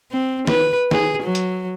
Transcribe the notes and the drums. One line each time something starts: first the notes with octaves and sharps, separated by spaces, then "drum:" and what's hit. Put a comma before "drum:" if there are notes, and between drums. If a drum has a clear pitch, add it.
C4
B4, drum: snare
G#4, drum: snare
F#3
drum: hi-hat